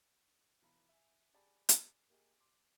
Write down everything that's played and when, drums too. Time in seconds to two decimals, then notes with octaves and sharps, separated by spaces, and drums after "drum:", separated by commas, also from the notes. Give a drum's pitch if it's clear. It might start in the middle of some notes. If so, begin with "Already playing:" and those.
0.62 B1 E3 A#5 B5
0.89 E5 G#5
1.34 G4 G#4 D5 G#5 A5 B5
1.69 drum: hi-hat
2.10 A#3 G4 G#4 D#5
2.40 C6 D6